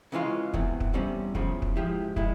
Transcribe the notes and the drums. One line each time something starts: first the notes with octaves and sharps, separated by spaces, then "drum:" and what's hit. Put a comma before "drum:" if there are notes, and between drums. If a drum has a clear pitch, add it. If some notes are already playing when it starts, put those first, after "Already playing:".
C#3 E3 G#3 C#4 F4
E2 C3 E3, drum: kick
drum: kick
E2 C3 G3 C#4
E2 C#3 F3, drum: kick
drum: kick
G#2 F3 G#3 E4 G4
A#2 G#3 E4, drum: kick